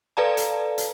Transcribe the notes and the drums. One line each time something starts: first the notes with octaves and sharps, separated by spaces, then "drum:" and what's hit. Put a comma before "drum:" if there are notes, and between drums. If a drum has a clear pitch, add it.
A4 B4 D5 F5 A5 A#5
drum: hi-hat
drum: hi-hat